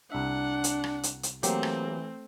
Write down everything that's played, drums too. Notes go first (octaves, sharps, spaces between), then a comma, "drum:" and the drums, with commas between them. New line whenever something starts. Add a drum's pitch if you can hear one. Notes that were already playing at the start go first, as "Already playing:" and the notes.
C2 D4 E5 F#5
drum: hi-hat
drum: rim click
drum: hi-hat
drum: hi-hat
E3 F#3 A3 A#3 C4 G4, drum: hi-hat
drum: rim click